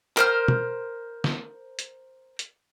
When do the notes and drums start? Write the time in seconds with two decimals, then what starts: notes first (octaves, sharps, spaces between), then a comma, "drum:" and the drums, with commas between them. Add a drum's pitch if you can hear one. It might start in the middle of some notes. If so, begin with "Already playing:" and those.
0.17 A#4 C5 F6, drum: clap
0.48 drum: tom
1.24 drum: snare
1.79 drum: hi-hat
2.39 drum: hi-hat